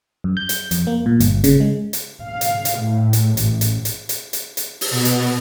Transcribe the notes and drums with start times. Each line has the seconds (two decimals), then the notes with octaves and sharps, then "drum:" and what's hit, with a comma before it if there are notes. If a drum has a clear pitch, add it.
0.24 F#2
0.37 G6
0.49 drum: hi-hat
0.71 F2, drum: hi-hat
0.87 A#3
1.06 A#2
1.20 G1, drum: hi-hat
1.44 C#3, drum: hi-hat
1.60 G#3
1.93 drum: hi-hat
2.24 F5
2.41 drum: hi-hat
2.65 drum: hi-hat
2.83 A2
3.13 drum: hi-hat
3.37 A1, drum: hi-hat
3.61 drum: hi-hat
3.85 drum: hi-hat
4.09 drum: hi-hat
4.33 drum: hi-hat
4.57 drum: hi-hat
4.81 drum: open hi-hat
4.91 B2
5.05 drum: hi-hat